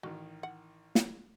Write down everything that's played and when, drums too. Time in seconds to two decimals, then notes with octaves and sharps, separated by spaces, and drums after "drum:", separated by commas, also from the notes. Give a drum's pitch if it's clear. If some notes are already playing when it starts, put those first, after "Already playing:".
0.03 A1 D#3 F#4
0.43 F#5
0.95 drum: snare